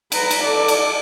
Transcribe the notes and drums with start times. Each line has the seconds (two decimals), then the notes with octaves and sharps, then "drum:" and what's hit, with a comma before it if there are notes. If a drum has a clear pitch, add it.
0.12 B4 A#5, drum: cymbal
0.31 drum: cymbal
0.44 A4 D5
0.68 drum: cymbal